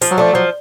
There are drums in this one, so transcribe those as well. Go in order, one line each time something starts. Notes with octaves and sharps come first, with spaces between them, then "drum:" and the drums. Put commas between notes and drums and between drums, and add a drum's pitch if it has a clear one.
F3, drum: hi-hat
F#3
F3 A3 D4
F3 F#3